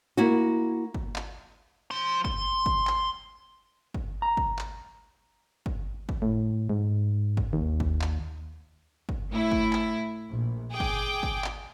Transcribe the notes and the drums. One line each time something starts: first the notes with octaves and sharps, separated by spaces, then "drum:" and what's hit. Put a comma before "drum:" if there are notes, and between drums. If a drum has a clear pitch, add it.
A#3 E4 F#4
drum: kick
drum: clap
F3 C6
C6, drum: kick
drum: kick
drum: clap
drum: kick
A#5
drum: kick
drum: clap
drum: kick
drum: kick
A2
G#2
drum: kick
D#2
drum: kick
drum: clap
drum: kick
A2 E4
drum: kick
drum: clap
A#1
G#4 G5 D6
drum: kick
drum: kick
drum: clap